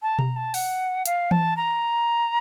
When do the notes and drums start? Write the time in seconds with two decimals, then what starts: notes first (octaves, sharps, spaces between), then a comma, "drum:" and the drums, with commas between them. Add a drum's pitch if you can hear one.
0.02 A5
0.19 A#5, drum: tom B2
0.36 A5
0.54 F#5, drum: open hi-hat
1.06 F5, drum: hi-hat
1.31 A5, drum: tom E3
1.57 A#5